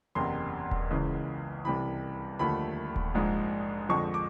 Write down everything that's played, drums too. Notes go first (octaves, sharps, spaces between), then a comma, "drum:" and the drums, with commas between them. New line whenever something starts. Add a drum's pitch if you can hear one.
F#1 E2 C3 C6
drum: kick D#1
C#2 C#3 E3 G#3
C2 C3 E3 B5
D#2 D3 F3 A3 B5
drum: kick D#1
A#1 G#2 F3 G#3
F2 D3 F3 G#3 C#6
D6